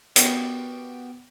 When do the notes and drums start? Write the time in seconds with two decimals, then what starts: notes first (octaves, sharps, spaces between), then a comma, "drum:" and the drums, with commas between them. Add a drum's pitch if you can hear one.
0.16 B3 F#4 G4 A#4 D5, drum: hi-hat